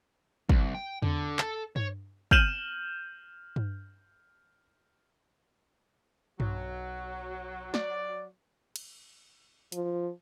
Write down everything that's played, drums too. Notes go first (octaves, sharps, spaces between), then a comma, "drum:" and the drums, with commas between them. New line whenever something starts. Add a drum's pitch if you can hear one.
C2, drum: kick
G5
D3, drum: tom E2
A4, drum: clap
C#5, drum: tom G2
F6 G6 D#7 E7 F#7, drum: kick
drum: tom G2
B1 F#3, drum: tom G2
D5, drum: snare
drum: cymbal
F3, drum: hi-hat